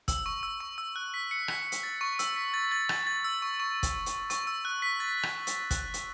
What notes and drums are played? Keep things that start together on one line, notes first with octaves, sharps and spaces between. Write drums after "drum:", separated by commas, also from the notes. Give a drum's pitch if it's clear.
E6, drum: kick, hi-hat
C#6
E6
C#6
E6
F#6
B6
C#7
B6, drum: rim click
drum: hi-hat
A6
C#6
E6, drum: hi-hat
B6
A6
A6
A6, drum: rim click
A6
E6
C#6
C#6
drum: kick, hi-hat
drum: hi-hat
C#6, drum: hi-hat
E6
F#6
B6
A6
drum: rim click
drum: hi-hat
F#6, drum: kick, hi-hat
drum: hi-hat